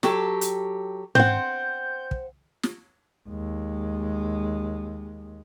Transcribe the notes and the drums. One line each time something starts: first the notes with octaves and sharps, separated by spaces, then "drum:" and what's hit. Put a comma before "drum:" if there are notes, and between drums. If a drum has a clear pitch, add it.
F#3 G4 A4, drum: snare
drum: hi-hat
C4 C5 F#5 G6, drum: tom G#2
drum: kick
drum: snare
D#2 G#3